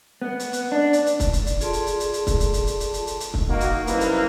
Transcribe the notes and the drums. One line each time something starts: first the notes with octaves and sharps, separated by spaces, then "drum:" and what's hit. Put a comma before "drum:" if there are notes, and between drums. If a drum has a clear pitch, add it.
B3
drum: hi-hat
drum: hi-hat
D4
drum: hi-hat
drum: hi-hat
drum: kick, hi-hat
drum: hi-hat
drum: hi-hat
F4 G#4 A4 D5 A5 C6, drum: hi-hat
drum: hi-hat
drum: hi-hat
drum: hi-hat
drum: hi-hat
drum: kick, hi-hat
drum: hi-hat
drum: hi-hat
drum: hi-hat
drum: hi-hat
drum: hi-hat
drum: hi-hat
drum: hi-hat
drum: kick
A#3 D#4 F#4
drum: hi-hat
C2 F#2 A#3 E4 B4, drum: hi-hat
drum: hi-hat